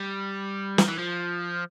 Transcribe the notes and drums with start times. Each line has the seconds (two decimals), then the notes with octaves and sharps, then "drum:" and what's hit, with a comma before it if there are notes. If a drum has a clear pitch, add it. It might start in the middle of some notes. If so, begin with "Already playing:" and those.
Already playing: G3
0.78 F3, drum: snare
0.88 E3
0.98 F3